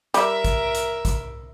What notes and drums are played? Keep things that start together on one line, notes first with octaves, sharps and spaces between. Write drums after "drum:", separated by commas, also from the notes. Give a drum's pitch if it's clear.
G3 A#4 E5, drum: hi-hat
drum: kick, hi-hat
drum: hi-hat
drum: kick, hi-hat